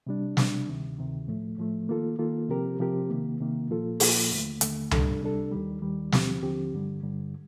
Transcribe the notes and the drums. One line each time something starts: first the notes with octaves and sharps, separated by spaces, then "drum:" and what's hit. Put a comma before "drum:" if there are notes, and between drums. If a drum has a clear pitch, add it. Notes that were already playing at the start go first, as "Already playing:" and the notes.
C3 G3 D4
C3 G3 D4, drum: snare
D2 C3 D#3
D2 C3 D#3
A2 F3 A3
A2 F3 A3
D#3 A#3 F4 A4
D#3 A#3 F4 A4
C3 F3 C4 G4 A#4
C3 F3 C4 G4 A#4
C3 D#3 A#3
C3 D#3 A#3
A#2 F3 A#3 F4 A4
A#2 F3 A#3 F4 A4, drum: open hi-hat
D#2 D3 A3
D#2 D3 A3, drum: hi-hat
C3 G3 D4 A4, drum: tom C#2
C3 G3 D4 A4
D#2 D#3 G3
D#2 D#3 G3
D#2 D3 F3 C4 G4, drum: snare
D#2 D3 F3 C4 G4
G2 D3 G3
G2 D3 G3